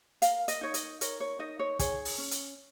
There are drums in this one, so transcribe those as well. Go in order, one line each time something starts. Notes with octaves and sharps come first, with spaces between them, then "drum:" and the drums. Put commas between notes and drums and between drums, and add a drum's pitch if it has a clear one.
A#4 F5, drum: hi-hat
D#5, drum: hi-hat
D#4 C#5
D#5, drum: hi-hat
A#4 C#5, drum: hi-hat
C#5
D#4 D#5
C#5
G#4 C#5, drum: kick, hi-hat
drum: open hi-hat
C#4
drum: hi-hat